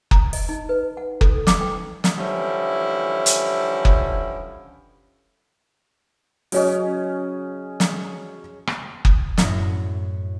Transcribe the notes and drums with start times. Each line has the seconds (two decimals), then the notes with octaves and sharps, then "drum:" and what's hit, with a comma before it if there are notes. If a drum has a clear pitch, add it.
0.11 A#5, drum: kick F#1
0.33 D#5, drum: open hi-hat
0.49 D#4
0.69 B4
0.97 F#5
1.21 A4, drum: kick F#1
1.47 D6, drum: snare
1.61 G5
2.04 drum: snare
2.17 D3 E3 F3 G3 C#4 E4
3.26 drum: hi-hat
3.85 drum: kick F#1
6.52 C#3 F#3 C#4 C#5 D#5, drum: open hi-hat
7.80 drum: snare
8.67 drum: rim click
9.05 drum: kick F#1
9.38 F#2 A2 E4 A#6, drum: snare